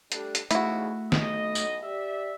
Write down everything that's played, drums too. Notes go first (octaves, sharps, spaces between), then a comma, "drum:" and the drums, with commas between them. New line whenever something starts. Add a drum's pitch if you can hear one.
G3 A3 D4, drum: hi-hat
drum: hi-hat
E2 G#2 C#3 A3 E4 F#4, drum: hi-hat
B1 D#5, drum: snare
drum: tambourine
G4 D5 E5